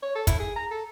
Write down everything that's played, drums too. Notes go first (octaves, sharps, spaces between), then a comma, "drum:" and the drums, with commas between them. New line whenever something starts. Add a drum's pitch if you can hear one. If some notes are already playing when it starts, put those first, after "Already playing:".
C#5
A4
E4, drum: kick, hi-hat
G#4
A#5
A4